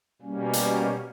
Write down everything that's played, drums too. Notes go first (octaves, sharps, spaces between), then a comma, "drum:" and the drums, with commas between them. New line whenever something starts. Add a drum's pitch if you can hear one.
B2 G3 A#3 C#4
drum: hi-hat